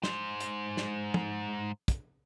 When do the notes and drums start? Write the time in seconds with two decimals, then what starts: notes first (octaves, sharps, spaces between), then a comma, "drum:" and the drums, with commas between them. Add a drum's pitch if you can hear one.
0.03 G#2 C5, drum: snare
0.40 drum: hi-hat
0.77 drum: snare
1.14 drum: tom
1.88 drum: kick, hi-hat